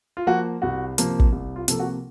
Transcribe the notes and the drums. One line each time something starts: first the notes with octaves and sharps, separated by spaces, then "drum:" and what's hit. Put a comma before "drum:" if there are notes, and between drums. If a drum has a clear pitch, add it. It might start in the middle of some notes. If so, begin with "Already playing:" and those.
F4
F3 A#3 F#4
C2 F#4
C3 F3 A#3, drum: hi-hat
drum: kick
C2
F4
C3 F3 A#3 A4, drum: hi-hat
F#4